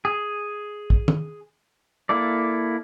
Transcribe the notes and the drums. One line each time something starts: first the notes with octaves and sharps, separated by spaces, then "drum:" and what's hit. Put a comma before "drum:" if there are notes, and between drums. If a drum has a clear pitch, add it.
G#4
drum: kick
drum: tom
A#3 E4 A4 D5